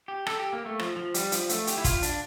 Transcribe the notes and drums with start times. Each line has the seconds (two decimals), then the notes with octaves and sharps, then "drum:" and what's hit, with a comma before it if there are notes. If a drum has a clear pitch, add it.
0.08 G4
0.27 A4, drum: rim click
0.39 G4
0.53 A#3
0.66 A3
0.79 F3, drum: rim click
0.96 F3
1.14 G3, drum: hi-hat
1.32 F3, drum: hi-hat
1.49 A3, drum: hi-hat
1.67 G4, drum: hi-hat
1.78 E4
1.84 F4, drum: kick, hi-hat
2.03 D4, drum: hi-hat